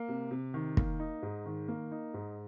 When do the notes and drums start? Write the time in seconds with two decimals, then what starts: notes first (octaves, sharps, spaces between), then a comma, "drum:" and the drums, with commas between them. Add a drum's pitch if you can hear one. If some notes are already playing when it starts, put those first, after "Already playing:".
Already playing: A#3
0.08 C3
0.31 C3
0.54 D#3
0.77 A#3, drum: kick
0.99 D#4
1.23 G#2
1.46 D#3
1.68 A#3
1.91 D#4
2.14 G#2